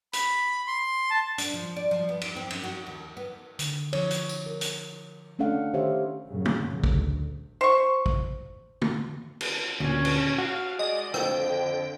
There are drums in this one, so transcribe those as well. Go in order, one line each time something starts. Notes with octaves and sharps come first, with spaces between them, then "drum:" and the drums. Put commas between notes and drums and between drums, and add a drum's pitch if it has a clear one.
B5, drum: hi-hat
C6
A5
D4, drum: hi-hat
F3
D5
F3
B3
E2, drum: cymbal
C4
F#2, drum: cymbal
F#4
D#2
B3
D3, drum: hi-hat
F3 C#5, drum: cymbal
drum: hi-hat
drum: tambourine
A#4
drum: hi-hat
A3 C#4 D4 A4 F5 F#5
D#3 G4 C5 C#5 E5 F5
F#2 A#2 C#3 F#3
drum: tom
D2, drum: kick
C5 C#6
drum: kick
drum: tom
drum: cymbal
D2 A#2 C#4
drum: cymbal
F#4 F5
G#3 D5 D#5
F2 D3 G5, drum: rim click